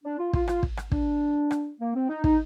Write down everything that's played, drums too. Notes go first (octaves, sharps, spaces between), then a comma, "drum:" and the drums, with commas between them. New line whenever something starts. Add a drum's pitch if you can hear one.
D4
F4
F4, drum: kick
F4, drum: rim click
drum: kick
drum: rim click
D4, drum: kick
drum: rim click
A#3
C4
D#4
D#4, drum: kick